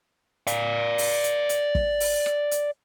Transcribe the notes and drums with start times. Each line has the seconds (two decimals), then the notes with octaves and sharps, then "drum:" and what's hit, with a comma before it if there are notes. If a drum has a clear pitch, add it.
0.47 D5 F5, drum: hi-hat
0.98 drum: open hi-hat
1.24 drum: hi-hat
1.49 drum: hi-hat
1.75 drum: kick
2.00 drum: open hi-hat
2.26 drum: rim click
2.51 drum: hi-hat